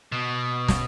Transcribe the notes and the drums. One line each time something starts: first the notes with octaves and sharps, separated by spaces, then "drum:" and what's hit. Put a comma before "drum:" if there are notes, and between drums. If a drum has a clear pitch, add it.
B2
drum: snare